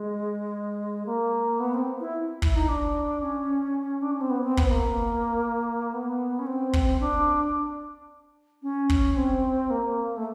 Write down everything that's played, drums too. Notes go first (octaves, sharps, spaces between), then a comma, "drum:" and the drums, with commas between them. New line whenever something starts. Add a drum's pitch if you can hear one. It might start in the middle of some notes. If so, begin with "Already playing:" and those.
Already playing: G#3
A#3
B3
C4
E4
E4, drum: kick
D#4
D4
C#4
D4
C#4
C4
B3
C4
B3, drum: kick
A#3
B3
C#4
C4
drum: kick
D4
C#4
drum: kick
C4
A#3
A3